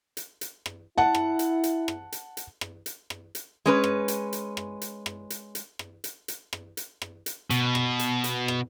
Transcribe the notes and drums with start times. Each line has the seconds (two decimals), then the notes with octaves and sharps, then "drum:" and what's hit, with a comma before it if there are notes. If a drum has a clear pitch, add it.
0.17 drum: hi-hat
0.41 drum: hi-hat
0.66 drum: rim click
0.98 E4 F#5 A5
1.15 drum: rim click
1.39 drum: hi-hat
1.64 drum: hi-hat
1.88 drum: rim click
2.12 drum: hi-hat
2.37 drum: hi-hat
2.61 drum: rim click
2.86 drum: hi-hat
3.10 drum: rim click
3.35 drum: hi-hat
3.66 G#3 C#4 B4
3.84 drum: rim click
4.08 drum: hi-hat
4.33 drum: hi-hat
4.57 drum: rim click
4.81 drum: hi-hat
5.06 drum: rim click
5.30 drum: hi-hat
5.55 drum: hi-hat
5.79 drum: rim click
6.04 drum: hi-hat
6.28 drum: hi-hat
6.53 drum: rim click
6.77 drum: hi-hat
7.02 drum: rim click
7.26 drum: hi-hat
7.50 B2, drum: hi-hat
7.75 drum: rim click
7.99 drum: hi-hat
8.24 drum: hi-hat
8.48 drum: rim click